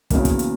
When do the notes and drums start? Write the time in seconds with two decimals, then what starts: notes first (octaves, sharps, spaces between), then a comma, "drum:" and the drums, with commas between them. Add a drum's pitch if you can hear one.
0.10 E2 C#3 F#3 A#3, drum: kick, hi-hat
0.25 drum: kick, hi-hat
0.39 drum: hi-hat